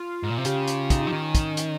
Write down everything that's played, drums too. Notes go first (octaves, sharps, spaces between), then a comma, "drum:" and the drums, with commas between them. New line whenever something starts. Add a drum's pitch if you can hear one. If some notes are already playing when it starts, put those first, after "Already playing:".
Already playing: F4
G#2
A#2
C3
C#3 G4, drum: hi-hat
drum: hi-hat
D#4, drum: kick, hi-hat
D#4
F3
D#3 C#4
drum: kick, hi-hat
drum: hi-hat